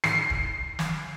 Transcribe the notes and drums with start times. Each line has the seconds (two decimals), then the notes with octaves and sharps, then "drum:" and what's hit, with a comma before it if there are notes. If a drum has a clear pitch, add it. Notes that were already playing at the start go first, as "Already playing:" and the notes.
0.04 C7, drum: snare
0.30 drum: kick
0.79 drum: snare